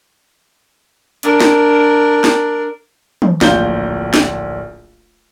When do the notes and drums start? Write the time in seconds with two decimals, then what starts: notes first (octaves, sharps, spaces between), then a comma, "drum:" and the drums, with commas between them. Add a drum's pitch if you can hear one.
1.23 D4 A#4, drum: hi-hat
1.40 drum: snare
2.24 drum: snare
3.22 drum: tom
3.41 D1 A#1 F4 A#5 G6 G7, drum: snare
4.14 drum: snare